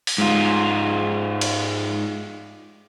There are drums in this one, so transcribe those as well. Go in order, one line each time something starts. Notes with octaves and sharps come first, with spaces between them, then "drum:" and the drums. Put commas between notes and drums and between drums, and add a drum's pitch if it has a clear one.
drum: open hi-hat
G#2 F4
drum: cymbal